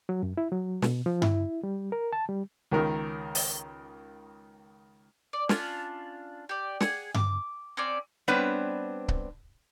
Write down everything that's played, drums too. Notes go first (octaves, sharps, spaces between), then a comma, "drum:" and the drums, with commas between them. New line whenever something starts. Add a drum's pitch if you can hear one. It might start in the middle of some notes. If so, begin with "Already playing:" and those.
F#3
F#2
E4
F#3
B2, drum: snare
F3
E4, drum: tom G2
G3
A#4
A5
G3
C#2 D#3 A#4
drum: open hi-hat
D5
C#4 D4 F4, drum: snare
G4 D5
G#4 F#5, drum: snare
D6, drum: tom G2
C4 C#4 D5
G3 B3 C4 D4 B4 C#5
drum: kick C#1